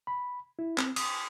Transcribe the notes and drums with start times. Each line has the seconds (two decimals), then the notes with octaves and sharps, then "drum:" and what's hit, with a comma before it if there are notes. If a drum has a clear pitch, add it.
0.07 B5
0.59 E4
0.78 C4, drum: clap
0.96 D#6, drum: cymbal